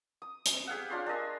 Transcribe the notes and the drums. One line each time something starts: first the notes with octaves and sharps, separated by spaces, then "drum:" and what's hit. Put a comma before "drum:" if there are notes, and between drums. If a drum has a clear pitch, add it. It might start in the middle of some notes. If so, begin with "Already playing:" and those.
D#6
drum: hi-hat
G4 G#4 F5 F#5
D4 F4 C#5 C6
D4 A#4 D#5 G#5